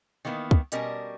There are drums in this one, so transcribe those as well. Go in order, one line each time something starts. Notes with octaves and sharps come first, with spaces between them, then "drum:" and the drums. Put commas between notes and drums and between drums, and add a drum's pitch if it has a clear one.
D#3 E3 A#3 B3
drum: kick
B2 G3 C#4 A#4 D#5 A5, drum: hi-hat